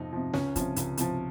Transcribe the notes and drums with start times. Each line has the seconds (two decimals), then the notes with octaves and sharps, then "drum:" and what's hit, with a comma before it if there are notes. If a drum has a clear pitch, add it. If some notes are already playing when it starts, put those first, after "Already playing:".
Already playing: F2 C3 F3 D#4
0.13 C3 F3
0.33 C#2 C#4, drum: snare
0.56 C3 F3, drum: kick, hi-hat
0.76 C#2, drum: hi-hat
0.97 C3 F3, drum: hi-hat